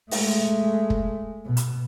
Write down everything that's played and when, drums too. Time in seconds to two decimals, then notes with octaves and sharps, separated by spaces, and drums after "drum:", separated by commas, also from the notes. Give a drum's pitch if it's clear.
0.11 G#3 A3, drum: open hi-hat
0.90 drum: kick
1.46 B2
1.57 drum: hi-hat